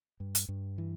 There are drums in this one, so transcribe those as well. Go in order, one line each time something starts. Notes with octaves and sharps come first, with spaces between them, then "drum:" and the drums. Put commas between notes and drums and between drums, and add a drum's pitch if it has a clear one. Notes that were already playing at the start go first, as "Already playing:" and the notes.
G2
drum: hi-hat
G2
E3